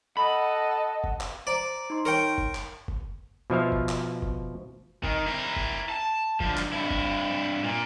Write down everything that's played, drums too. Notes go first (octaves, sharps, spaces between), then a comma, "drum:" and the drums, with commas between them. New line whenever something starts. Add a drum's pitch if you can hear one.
A4 D#5 F#5 B5
drum: kick F#1
drum: clap
C5 D5 A#5
D#4 C6
A#4 C#5 G5
drum: kick F#1
drum: clap
drum: kick F#1
B2 F3 E5 F5
drum: kick F#1
drum: clap
drum: kick F#1
D#3, drum: kick F#1
E4 A#4
drum: kick F#1
A5
D3 F3, drum: kick F#1
drum: clap
G2 E4
drum: kick F#1
A#2